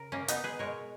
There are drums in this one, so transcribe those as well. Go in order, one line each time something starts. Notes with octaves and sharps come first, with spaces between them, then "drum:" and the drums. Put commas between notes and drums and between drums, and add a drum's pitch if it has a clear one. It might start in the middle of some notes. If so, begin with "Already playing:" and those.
Already playing: C#3 A#4
A#3 C#4
B3 D#4, drum: hi-hat
G#4 B4
B2 G#3 A#4 C#5